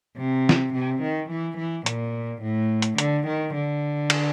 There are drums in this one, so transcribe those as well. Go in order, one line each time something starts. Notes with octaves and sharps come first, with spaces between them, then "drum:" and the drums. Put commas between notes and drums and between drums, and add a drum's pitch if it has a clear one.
C3
drum: snare
C3
D#3
E3
E3
A#2, drum: hi-hat
A2
drum: hi-hat
D3, drum: hi-hat
D#3
D3
drum: cymbal